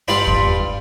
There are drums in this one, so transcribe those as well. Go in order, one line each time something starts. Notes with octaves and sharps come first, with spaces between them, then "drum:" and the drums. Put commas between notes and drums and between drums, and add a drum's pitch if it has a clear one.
G2 F4 D5 G5 B5 C6
drum: kick